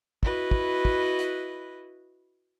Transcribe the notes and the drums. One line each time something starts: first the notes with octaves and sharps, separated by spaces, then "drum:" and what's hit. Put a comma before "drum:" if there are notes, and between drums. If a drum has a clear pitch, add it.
E4 F#4 B4 D#5, drum: kick
drum: kick
drum: kick
drum: hi-hat